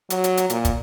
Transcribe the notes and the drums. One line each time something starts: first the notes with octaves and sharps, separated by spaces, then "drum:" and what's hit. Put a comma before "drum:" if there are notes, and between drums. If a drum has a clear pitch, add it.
F#3, drum: hi-hat
drum: hi-hat
drum: hi-hat
A#2, drum: hi-hat
drum: kick, hi-hat